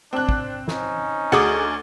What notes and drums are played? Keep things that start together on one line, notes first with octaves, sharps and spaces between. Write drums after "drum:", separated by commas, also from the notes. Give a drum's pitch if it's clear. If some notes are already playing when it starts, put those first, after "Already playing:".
C4 D4 F#6
drum: kick
C#4 D#4, drum: snare
D2 F#4 G#4 F#5 D6